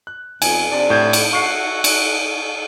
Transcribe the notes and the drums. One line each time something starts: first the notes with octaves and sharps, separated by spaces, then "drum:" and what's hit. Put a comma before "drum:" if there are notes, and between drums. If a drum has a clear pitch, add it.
F#6
F2 B2 G#5, drum: cymbal
C3 D4 D5
A2 G6 G#6
drum: cymbal
F#4 E5 F#5 C#6 C7
drum: cymbal